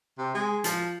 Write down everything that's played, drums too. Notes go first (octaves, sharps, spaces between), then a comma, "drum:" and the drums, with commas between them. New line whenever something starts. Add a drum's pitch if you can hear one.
C3
G#3
F3, drum: hi-hat